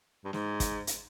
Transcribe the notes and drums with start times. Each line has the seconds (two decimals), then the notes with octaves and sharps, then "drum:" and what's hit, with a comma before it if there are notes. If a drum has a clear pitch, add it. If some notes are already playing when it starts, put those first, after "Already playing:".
0.25 G2
0.33 G#2, drum: snare
0.60 drum: kick, hi-hat
0.87 drum: hi-hat